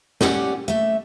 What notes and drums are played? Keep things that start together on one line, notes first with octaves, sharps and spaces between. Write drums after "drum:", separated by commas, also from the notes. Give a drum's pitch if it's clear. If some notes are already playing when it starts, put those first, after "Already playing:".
C#4 G4 D5 F#5, drum: snare
A3 E5